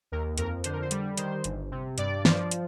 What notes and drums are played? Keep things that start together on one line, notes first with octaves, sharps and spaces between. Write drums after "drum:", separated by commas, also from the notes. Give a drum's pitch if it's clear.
D#2 A#4
F2 A#4, drum: hi-hat
D3 C5, drum: hi-hat
A#4
C5
G3, drum: hi-hat
D#3 C5, drum: hi-hat
G1, drum: hi-hat
C3
G2 D5, drum: hi-hat
F3, drum: snare
drum: hi-hat